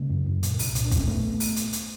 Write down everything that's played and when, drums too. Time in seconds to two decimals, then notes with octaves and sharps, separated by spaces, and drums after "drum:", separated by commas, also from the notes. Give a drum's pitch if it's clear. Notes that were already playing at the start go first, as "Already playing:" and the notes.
Already playing: C#3 G#3 A#3
0.10 F#2
0.26 F#2
0.43 A#2, drum: hi-hat
0.59 C2, drum: open hi-hat
0.75 A#2, drum: hi-hat
0.85 D4
0.91 A#2 C#4, drum: kick, hi-hat
1.00 C4
1.07 A3 B3
1.40 drum: open hi-hat
1.56 drum: hi-hat
1.73 drum: hi-hat